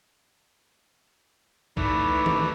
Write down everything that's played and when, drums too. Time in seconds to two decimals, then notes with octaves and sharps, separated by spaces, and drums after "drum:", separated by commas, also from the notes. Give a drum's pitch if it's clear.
1.77 E3 A3 D#4 E4 B4 D5, drum: kick B1
2.26 drum: tom D#3